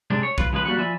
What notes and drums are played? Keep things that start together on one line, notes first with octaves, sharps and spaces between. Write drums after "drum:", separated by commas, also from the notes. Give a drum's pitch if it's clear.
C3 G#3 C4 D4
C#5
F4 B4, drum: kick B1
C#2 F3 G#3 G#4 B4
G3 A#3 F#4 F#5
F3 F4 D5 E5 G#5 B5